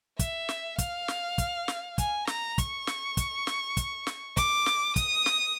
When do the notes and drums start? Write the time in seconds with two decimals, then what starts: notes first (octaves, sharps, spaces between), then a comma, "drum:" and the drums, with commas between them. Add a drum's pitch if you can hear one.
0.19 E5, drum: kick, hi-hat
0.49 drum: snare
0.78 F5, drum: kick, hi-hat
1.08 drum: snare
1.38 drum: kick, hi-hat
1.68 drum: snare
1.98 G#5, drum: kick, hi-hat
2.27 A#5, drum: snare
2.58 C#6, drum: kick, hi-hat
2.87 drum: snare
3.17 drum: kick, hi-hat
3.47 drum: snare
3.77 drum: kick, hi-hat
4.07 drum: snare
4.37 D6, drum: kick, hi-hat
4.66 drum: snare
4.96 D#6, drum: kick, hi-hat
5.26 drum: snare